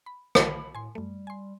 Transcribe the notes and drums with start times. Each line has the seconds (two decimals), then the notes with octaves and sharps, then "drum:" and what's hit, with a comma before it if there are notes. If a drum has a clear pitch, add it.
0.06 B5
0.35 B1 D#3 B5, drum: rim click
0.75 A2 G#5 C6
0.95 F#2 G3 A3
1.27 G#5 C6